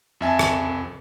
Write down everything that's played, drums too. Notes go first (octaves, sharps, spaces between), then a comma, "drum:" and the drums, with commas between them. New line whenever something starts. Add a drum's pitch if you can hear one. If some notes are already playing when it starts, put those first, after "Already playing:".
F2 E5 G#5 A5
drum: rim click